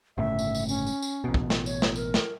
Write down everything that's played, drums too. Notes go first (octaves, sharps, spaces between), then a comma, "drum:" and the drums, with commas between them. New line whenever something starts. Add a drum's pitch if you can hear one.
G1 A2 C#3 E5
drum: tambourine
drum: tambourine
C#4, drum: tambourine
drum: tambourine
drum: tambourine
A1 B2
drum: kick
drum: snare
C#5, drum: tambourine
drum: snare
A#4, drum: tambourine
drum: snare